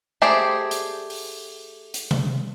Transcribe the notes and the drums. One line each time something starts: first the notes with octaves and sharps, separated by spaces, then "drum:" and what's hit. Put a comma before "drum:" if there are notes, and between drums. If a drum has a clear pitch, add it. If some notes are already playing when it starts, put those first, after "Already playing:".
A3 G4 G#4 C5 D5, drum: rim click
drum: hi-hat
drum: open hi-hat
drum: hi-hat
drum: tom C3